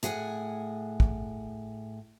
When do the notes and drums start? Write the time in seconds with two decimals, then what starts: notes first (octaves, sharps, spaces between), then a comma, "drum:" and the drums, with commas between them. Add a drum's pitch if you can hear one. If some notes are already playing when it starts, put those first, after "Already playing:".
0.03 A2 G#4 F#5 G#5, drum: hi-hat
1.00 drum: kick